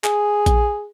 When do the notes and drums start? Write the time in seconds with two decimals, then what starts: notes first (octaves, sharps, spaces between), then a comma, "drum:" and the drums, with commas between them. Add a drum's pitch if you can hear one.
0.04 G#4, drum: clap
0.46 drum: kick A#1, hi-hat